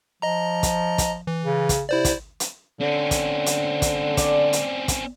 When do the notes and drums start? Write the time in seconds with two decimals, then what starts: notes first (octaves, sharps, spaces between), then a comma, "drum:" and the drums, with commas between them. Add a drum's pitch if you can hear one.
0.22 F3 D#5 A#5
0.63 drum: kick, hi-hat
0.98 drum: kick, hi-hat
1.27 E3
1.45 C#3
1.69 drum: kick, hi-hat
1.89 C3 E4 C5 D5
2.05 drum: kick, hi-hat
2.40 drum: hi-hat
2.81 D3 C4 C#4
3.11 drum: kick, hi-hat
3.46 drum: hi-hat
3.82 drum: kick, hi-hat
4.17 D5, drum: kick, hi-hat
4.53 drum: hi-hat
4.88 drum: kick, hi-hat